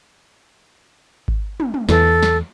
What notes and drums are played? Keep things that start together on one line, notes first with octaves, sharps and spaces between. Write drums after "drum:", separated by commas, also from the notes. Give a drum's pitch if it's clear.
drum: kick G#1
drum: tom
drum: tom
E2 E3 A4, drum: snare
drum: snare